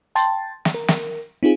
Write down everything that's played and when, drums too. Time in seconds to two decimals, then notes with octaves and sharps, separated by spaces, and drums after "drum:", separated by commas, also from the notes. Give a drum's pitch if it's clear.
0.15 G5 A5 C6 A6, drum: hi-hat
0.65 drum: snare
0.74 A#4
0.88 drum: snare
1.43 C4 D#4 F4 G#4